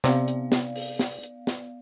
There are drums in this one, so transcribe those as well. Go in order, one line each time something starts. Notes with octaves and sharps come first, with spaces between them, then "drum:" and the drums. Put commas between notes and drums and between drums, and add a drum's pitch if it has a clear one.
C3 B3 D5 F5, drum: snare
drum: hi-hat
drum: snare
drum: open hi-hat
drum: snare
drum: hi-hat
drum: snare